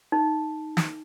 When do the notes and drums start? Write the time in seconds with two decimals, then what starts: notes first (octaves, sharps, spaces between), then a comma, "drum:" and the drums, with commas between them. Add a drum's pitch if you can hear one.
0.12 D#4
0.77 drum: snare